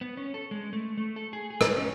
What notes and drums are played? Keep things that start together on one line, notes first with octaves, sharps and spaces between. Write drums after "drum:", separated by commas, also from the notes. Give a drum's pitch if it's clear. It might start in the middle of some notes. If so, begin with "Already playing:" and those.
B3
C#4
A4
G#3
A3
A3
A4
G#4
G#4
drum: rim click
C#4